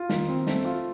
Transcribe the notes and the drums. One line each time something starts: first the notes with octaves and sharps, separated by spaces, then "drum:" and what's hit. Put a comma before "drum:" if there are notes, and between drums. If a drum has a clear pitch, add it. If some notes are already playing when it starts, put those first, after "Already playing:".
Already playing: F4
D#3, drum: snare
C4
A3, drum: snare
F4